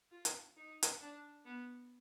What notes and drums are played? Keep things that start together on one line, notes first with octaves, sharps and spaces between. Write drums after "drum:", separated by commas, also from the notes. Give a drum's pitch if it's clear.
F4
drum: hi-hat
D#4
drum: hi-hat
D4
B3